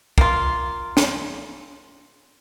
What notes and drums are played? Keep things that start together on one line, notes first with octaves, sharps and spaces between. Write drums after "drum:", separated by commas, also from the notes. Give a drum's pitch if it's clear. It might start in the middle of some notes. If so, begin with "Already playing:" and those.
A#3 F4, drum: kick
drum: snare